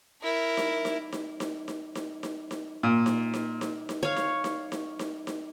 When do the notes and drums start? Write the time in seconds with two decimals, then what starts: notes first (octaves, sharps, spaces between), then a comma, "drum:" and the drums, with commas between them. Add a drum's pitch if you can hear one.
0.21 E4 A#4
0.57 drum: snare D#4
0.85 drum: snare D#4
1.12 drum: snare D#4
1.40 drum: snare D#4
1.68 drum: snare D#4
1.95 drum: snare D#4
2.23 drum: snare D#4
2.51 drum: snare D#4
2.83 A#2
3.06 drum: snare D#4
3.34 drum: snare D#4
3.61 drum: snare D#4
3.89 drum: snare D#4
4.03 C#5 F5
4.16 drum: snare D#4
4.44 drum: snare D#4
4.72 drum: snare D#4
4.99 drum: snare D#4
5.27 drum: snare D#4